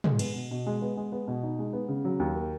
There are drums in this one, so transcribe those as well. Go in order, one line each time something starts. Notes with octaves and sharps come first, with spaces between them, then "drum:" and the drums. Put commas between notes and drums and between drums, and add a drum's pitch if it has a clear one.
G#3, drum: tom
B3, drum: cymbal
B2
B2
G#3
B3
G#3
B3
B2
D#4
G#3
B3
C#3
F#3
D#2
A#3